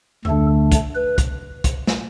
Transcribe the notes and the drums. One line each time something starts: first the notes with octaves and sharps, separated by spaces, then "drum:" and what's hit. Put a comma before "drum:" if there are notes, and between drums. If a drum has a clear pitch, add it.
D2 D3 A3 D4 A4, drum: tom F2
drum: kick, hi-hat
B4
drum: kick, hi-hat
drum: kick, hi-hat
drum: snare